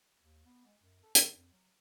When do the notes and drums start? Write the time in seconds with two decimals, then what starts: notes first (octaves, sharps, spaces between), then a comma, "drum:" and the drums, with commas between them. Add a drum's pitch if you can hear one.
0.21 D#2
0.46 B3
0.65 G#3
0.81 F#2
1.03 A4
1.15 C#3, drum: hi-hat
1.34 F2
1.52 F#3